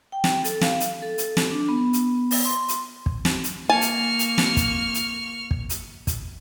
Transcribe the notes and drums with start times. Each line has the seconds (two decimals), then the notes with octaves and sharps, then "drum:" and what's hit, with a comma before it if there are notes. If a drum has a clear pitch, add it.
0.12 G5
0.24 drum: snare
0.44 A4, drum: hi-hat
0.61 F5, drum: snare
0.80 drum: hi-hat
1.03 A4
1.18 drum: hi-hat
1.37 drum: snare
1.52 D4
1.68 B3
1.93 drum: hi-hat
2.31 drum: open hi-hat
2.45 C6
2.68 drum: hi-hat
3.06 drum: kick
3.25 drum: snare
3.44 drum: hi-hat
3.70 A#3 G#5 A5 C#6 F6
3.81 drum: hi-hat
4.19 drum: hi-hat
4.38 drum: snare
4.57 drum: kick, hi-hat
4.94 drum: hi-hat
5.51 drum: kick
5.69 drum: hi-hat
6.07 drum: kick, hi-hat